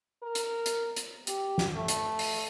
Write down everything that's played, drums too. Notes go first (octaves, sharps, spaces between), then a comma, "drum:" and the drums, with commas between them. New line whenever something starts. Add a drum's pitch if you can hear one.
A#4
drum: hi-hat
drum: hi-hat
drum: hi-hat
G4, drum: hi-hat
drum: snare
A3
drum: hi-hat
drum: open hi-hat